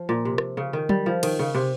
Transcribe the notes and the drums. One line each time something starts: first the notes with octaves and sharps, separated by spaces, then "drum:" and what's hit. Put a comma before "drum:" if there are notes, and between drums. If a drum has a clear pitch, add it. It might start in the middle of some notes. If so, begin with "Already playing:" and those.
Already playing: F3
A#2
C3
drum: rim click
C#3
D#3
G3, drum: tom F#3
F3
D#3, drum: cymbal
C#3
C3